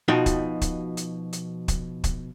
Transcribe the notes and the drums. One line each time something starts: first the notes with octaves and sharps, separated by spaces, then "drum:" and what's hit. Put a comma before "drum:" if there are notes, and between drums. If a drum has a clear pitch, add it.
B2 F3 D#4 F#4 G5
drum: kick, hi-hat
drum: kick, hi-hat
drum: hi-hat
drum: hi-hat
drum: kick, hi-hat
drum: kick, hi-hat